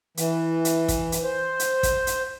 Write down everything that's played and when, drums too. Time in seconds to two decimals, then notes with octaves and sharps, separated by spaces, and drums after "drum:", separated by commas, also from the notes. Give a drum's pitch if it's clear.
0.17 E3, drum: hi-hat
0.65 drum: hi-hat
0.88 drum: kick, hi-hat
1.12 drum: hi-hat
1.24 C5
1.59 drum: hi-hat
1.83 drum: kick, hi-hat
2.07 drum: hi-hat